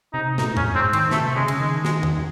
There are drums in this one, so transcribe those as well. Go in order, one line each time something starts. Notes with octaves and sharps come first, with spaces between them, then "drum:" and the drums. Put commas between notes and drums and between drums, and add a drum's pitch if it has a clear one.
C3 D#4
A2 D#4, drum: snare
F#2 C#4, drum: tom E2
G#2 C4
D#3 C4, drum: cymbal
C3 A3, drum: snare
C#3 G#3
drum: cymbal
D#3 G#3
D#3 G#3, drum: snare
drum: tom E2